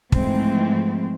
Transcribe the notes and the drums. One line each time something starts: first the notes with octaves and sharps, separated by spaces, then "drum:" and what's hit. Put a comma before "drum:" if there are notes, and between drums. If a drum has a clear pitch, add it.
G#2 E3 F3 G#3 A3 C4, drum: kick